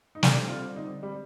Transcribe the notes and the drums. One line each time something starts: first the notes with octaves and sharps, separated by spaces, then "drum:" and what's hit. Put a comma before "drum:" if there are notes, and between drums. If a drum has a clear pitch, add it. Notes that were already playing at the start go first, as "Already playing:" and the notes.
D#4
D3 G3 C4 D4, drum: snare
F4
D#4
G3